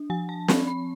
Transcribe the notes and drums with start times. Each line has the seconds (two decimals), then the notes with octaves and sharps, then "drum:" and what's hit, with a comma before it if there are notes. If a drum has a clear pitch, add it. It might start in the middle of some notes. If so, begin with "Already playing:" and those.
Already playing: D4
0.10 F3 G#5
0.29 A5
0.48 C4 B5, drum: snare
0.67 B5